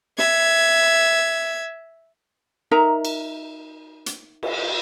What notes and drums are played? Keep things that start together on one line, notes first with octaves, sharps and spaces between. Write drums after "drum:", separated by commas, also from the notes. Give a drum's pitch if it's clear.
E5 G#6, drum: snare
D#4 A#4 E5 A#5
drum: cymbal
drum: hi-hat
drum: cymbal